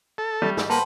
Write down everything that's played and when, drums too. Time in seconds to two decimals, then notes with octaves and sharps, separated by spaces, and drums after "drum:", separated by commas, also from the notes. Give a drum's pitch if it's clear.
0.18 A4
0.42 G3 A3
0.57 G#4, drum: snare
0.70 A#3 B4 C5 F#5 G5 A5